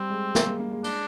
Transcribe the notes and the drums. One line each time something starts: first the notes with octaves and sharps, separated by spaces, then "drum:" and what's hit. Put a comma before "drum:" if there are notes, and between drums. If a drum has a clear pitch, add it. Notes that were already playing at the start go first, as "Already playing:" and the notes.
Already playing: G3 C4
G#3
A#3, drum: snare
G#3
A#3
G#3
D4, drum: cymbal